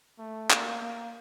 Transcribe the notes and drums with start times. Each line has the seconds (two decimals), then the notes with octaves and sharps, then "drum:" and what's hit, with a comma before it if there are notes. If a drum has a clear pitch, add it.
0.19 A3
0.50 A#3, drum: clap
0.82 A#3